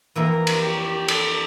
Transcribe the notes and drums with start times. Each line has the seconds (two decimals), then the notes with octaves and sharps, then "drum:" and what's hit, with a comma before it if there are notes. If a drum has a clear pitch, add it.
0.15 F2 E3 A#3 E4 A#4
0.47 drum: cymbal
0.62 G4
1.08 A4, drum: cymbal